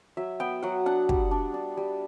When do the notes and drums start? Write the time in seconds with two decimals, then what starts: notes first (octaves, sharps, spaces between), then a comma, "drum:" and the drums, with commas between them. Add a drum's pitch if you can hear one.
0.17 F#3 E5
0.40 B3 G5
0.63 F#3 F#5
0.86 D4 F#5
1.09 G3, drum: kick
1.31 D4
1.54 D4
1.77 G3